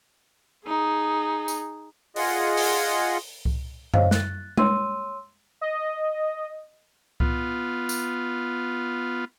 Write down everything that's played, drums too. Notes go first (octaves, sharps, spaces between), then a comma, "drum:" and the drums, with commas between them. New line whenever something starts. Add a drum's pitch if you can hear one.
D#4 G#4
drum: tambourine
F4 G#4 D#5 F#5, drum: open hi-hat
drum: open hi-hat
drum: kick C2
C5 C#5 D#5 F5, drum: tom F#2
F#6 A6, drum: snare
C#5 C6 E6 D#7, drum: tom G#3
D#5
B3 F4, drum: kick C2
drum: tambourine